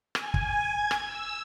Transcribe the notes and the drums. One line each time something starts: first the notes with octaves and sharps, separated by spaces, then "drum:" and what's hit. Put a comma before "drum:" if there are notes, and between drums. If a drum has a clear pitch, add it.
G#5, drum: rim click
drum: kick
G#6
drum: rim click
E6